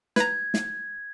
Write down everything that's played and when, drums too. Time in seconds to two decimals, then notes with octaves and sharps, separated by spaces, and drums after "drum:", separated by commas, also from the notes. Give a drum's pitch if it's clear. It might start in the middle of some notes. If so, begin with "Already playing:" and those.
0.16 B4 A#5 G#6, drum: snare
0.54 drum: snare